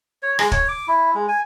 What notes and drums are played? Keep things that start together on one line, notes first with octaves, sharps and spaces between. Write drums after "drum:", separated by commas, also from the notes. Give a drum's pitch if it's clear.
C#5
G#3, drum: rim click
C#5, drum: kick
D6
E4
G#3
G#5